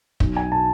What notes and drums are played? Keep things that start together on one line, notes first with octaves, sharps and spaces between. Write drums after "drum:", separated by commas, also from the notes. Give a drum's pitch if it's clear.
B1, drum: kick
G#5
B2 A5